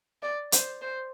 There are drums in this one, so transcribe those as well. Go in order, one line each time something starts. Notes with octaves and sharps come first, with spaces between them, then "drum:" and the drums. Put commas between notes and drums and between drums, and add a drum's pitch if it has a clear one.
D5
C5, drum: hi-hat
C5